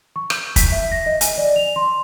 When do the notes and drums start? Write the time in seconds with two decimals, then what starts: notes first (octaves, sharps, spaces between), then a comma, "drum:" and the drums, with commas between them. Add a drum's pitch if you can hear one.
0.16 C#6
0.30 G6, drum: rim click
0.56 B6, drum: kick, hi-hat
0.72 E5
0.92 A#6
1.06 D#5
1.21 G#5, drum: hi-hat
1.38 D5
1.56 F7
1.76 C6